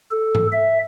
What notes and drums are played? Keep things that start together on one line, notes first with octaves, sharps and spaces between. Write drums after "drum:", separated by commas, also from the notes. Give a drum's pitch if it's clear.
A4
drum: tom G#2
E5